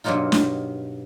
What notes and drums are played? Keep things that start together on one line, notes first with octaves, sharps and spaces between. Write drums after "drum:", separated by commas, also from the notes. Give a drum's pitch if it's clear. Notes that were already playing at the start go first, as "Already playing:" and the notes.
G2 B2 F#3 A#3 D#4 F4
drum: snare